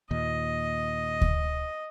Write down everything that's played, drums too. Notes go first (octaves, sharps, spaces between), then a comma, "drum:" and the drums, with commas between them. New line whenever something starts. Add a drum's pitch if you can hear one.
D#2 A#2 D#5
drum: kick D2